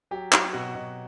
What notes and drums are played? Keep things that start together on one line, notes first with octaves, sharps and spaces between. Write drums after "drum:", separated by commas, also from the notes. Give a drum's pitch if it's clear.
F#3 G4
F#3, drum: clap
B2 F#4
B2